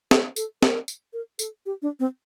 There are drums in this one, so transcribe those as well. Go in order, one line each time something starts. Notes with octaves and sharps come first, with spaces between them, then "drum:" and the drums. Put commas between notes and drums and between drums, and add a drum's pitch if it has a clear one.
A4, drum: snare
A4, drum: tambourine
A#4, drum: snare
drum: tambourine
A#4
A4, drum: tambourine
G4
D4
C4